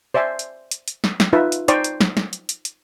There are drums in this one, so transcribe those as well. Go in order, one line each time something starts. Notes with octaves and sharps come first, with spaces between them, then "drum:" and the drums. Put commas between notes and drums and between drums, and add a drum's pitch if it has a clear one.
C5 D5 E5 G#5 C6
drum: hi-hat
drum: hi-hat
drum: hi-hat
drum: snare
drum: snare
D#4 F4 B4 E5
drum: hi-hat
D#4 C5 D5 G5 A#5 C#6, drum: hi-hat
drum: hi-hat
drum: snare
drum: snare
drum: hi-hat
drum: hi-hat
drum: hi-hat